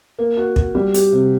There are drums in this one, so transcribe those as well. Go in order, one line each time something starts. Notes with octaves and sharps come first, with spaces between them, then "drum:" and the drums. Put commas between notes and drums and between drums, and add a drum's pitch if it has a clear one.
A#3
F#4
F#4, drum: kick
G3
G4, drum: hi-hat
C3